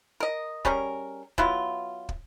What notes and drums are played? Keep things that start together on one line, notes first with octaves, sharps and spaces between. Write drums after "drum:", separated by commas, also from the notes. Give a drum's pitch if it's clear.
A#4 D#5
G3 C#4 G#4 A#4, drum: kick
F#3 B3 E4 F4, drum: kick
drum: kick